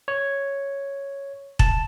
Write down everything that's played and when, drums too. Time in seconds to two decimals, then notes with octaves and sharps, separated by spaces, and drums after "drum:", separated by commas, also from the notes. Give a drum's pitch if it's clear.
0.08 C#5
1.59 A5, drum: kick